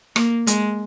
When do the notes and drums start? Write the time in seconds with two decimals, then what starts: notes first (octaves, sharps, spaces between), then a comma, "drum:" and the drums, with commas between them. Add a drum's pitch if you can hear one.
0.16 A#3, drum: rim click
0.47 G#3, drum: hi-hat